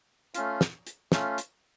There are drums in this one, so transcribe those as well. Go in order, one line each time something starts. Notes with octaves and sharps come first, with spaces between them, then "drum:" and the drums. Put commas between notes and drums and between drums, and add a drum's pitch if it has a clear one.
A3 C#4 F4, drum: hi-hat
drum: snare
drum: hi-hat
A3 C#4 F4, drum: snare
drum: hi-hat